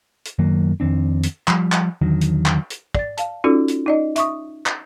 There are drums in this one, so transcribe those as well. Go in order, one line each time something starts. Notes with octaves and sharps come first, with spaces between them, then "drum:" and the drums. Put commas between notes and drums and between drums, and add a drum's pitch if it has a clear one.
drum: hi-hat
F#2 D#3 F#3 A#3
F2 D#3 C4 D4
drum: hi-hat
F3 G3, drum: clap
drum: clap
E2 D3 D#3 F#3
drum: hi-hat
drum: clap
drum: hi-hat
D5 A6, drum: kick
F5 A5, drum: hi-hat
C#4 D#4 F4 F#4 A4 D5
drum: hi-hat
D#4 D5 D#5
E5 C#6 D#6, drum: hi-hat
drum: clap